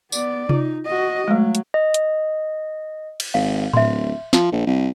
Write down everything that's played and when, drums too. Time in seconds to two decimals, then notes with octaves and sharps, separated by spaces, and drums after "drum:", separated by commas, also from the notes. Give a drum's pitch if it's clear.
0.12 B3 D5, drum: tambourine
0.49 D#4 F4, drum: tom C3
0.86 F#4 D#5
1.28 F#3 G#3 A3
1.55 drum: hi-hat
1.74 D#5
1.94 drum: hi-hat
3.20 drum: cymbal
3.34 G#1 F5
3.73 D1 E5 C6, drum: tom A2
4.33 F3, drum: snare
4.52 A#1
4.67 C2